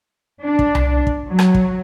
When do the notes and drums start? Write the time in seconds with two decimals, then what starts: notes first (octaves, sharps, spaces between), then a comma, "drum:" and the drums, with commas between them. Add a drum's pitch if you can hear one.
0.43 D4
0.59 drum: kick
0.75 drum: tom C2
1.07 drum: kick
1.29 F#3
1.39 drum: rim click
1.55 drum: kick